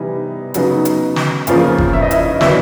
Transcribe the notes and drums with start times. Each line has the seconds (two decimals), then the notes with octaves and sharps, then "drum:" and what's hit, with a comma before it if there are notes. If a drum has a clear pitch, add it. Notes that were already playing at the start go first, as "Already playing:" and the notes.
Already playing: C3 E3 G3 B3 D#4
0.54 C#3 F#3 B3 D#4, drum: hi-hat
0.85 drum: hi-hat
1.16 drum: snare
1.47 E2 C#3 F3 A#3 F4 F5, drum: hi-hat
1.78 drum: kick F#1
1.93 E5
2.02 D#5
2.11 E4 E5, drum: hi-hat
2.41 D#3 F#3 B3 D4 E4 E5, drum: snare